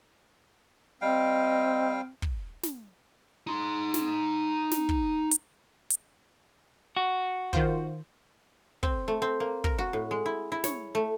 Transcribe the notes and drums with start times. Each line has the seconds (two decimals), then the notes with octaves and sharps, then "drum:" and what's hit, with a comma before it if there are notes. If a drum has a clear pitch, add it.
1.01 G3 C4 D#5 F5 G5
2.22 drum: kick
2.63 drum: snare
3.47 D#4 C6
3.94 drum: snare
4.71 drum: snare
4.89 drum: kick
5.31 drum: hi-hat
5.90 drum: hi-hat
6.97 F#4
7.53 D#3 F4 C5, drum: kick
8.83 C4, drum: kick
9.08 A3
9.22 C4
9.40 A#3
9.64 A#4, drum: kick
9.78 F#4
9.93 A2
10.11 G#3
10.26 E4
10.52 E4
10.64 C#5, drum: snare
10.95 A3